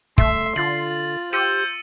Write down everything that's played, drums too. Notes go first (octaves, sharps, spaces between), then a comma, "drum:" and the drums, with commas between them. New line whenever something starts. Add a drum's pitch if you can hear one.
A3 E5 C6, drum: kick
D3 F4 A6 F#7
G4 C5 E6 C#7 D#7